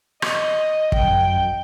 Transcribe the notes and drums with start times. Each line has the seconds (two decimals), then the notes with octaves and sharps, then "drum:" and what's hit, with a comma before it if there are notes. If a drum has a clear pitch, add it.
0.22 D#5, drum: rim click
0.92 F#2 G5, drum: kick